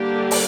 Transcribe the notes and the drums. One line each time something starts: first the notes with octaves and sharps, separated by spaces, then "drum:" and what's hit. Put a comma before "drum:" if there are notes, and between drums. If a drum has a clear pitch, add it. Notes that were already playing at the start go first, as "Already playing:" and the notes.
Already playing: D3 G3 A#3 D4 G4
drum: open hi-hat